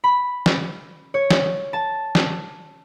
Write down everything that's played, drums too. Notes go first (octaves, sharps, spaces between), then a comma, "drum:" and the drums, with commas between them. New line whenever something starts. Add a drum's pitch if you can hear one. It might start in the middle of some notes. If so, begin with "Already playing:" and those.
B5
drum: snare
C#5
drum: snare
A5
drum: snare